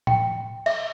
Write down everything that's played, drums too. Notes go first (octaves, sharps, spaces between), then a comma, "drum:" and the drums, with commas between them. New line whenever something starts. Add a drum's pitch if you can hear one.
G5, drum: tom A2
E5, drum: cymbal